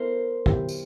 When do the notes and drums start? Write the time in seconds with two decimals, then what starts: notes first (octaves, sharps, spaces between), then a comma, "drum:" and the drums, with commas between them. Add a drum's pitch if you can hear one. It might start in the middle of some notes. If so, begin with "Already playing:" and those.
Already playing: B3 E4 A4 A#4 C5
0.46 F#3 B3 E4 G4, drum: kick
0.69 drum: tambourine